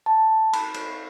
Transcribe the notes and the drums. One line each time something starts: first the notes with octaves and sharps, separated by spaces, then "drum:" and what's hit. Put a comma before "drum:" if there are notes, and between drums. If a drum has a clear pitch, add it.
A5
B5, drum: cymbal
drum: cymbal